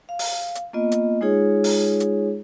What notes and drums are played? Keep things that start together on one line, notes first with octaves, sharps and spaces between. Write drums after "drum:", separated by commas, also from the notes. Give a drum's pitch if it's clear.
F5
drum: open hi-hat
drum: hi-hat
A#3 B3 F4 D#5
drum: hi-hat
G#3 D#4 F4 G#4 C#5
drum: open hi-hat
drum: hi-hat